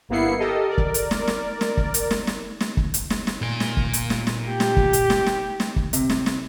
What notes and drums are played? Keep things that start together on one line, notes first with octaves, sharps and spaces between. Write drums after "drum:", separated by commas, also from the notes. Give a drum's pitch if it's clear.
G1 A#3 B3 E4 C7 C#7
G4 A4 A#4 D#5
A#4 D5
drum: kick
drum: hi-hat
drum: snare
drum: snare
drum: snare
drum: kick
drum: hi-hat
drum: snare
drum: snare
drum: snare
drum: kick
drum: hi-hat
drum: snare
drum: snare
A#2 D5
drum: snare
drum: kick
drum: hi-hat
drum: snare
drum: snare
G4
drum: snare
drum: kick
drum: hi-hat
drum: snare
drum: snare
drum: snare
drum: kick
C3, drum: hi-hat
drum: snare
drum: snare